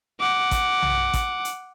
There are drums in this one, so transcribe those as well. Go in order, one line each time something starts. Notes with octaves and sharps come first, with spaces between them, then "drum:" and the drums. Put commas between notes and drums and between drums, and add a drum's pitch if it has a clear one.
F#5 D6
drum: kick, hi-hat
drum: tom B1
drum: kick, hi-hat
drum: hi-hat